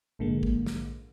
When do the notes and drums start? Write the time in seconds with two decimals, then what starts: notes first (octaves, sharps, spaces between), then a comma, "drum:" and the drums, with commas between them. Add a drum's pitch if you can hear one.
0.19 A#1 G#2 D3 F3 G#3 A#3
0.43 drum: kick
0.66 drum: snare